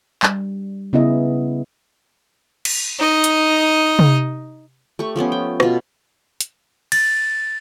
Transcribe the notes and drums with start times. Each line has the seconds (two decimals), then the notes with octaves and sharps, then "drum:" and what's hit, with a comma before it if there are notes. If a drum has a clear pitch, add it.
0.23 G3, drum: clap
0.93 C#3 B3 E4 G#4 D#5
2.65 drum: cymbal
2.99 D#4 D#5
3.24 drum: hi-hat
3.99 drum: tom C3
4.99 A3 G4 C#6
5.16 F3 A3 B3 C#4
5.32 G5
5.60 B2 F4, drum: rim click
6.41 drum: hi-hat
6.92 A6, drum: cymbal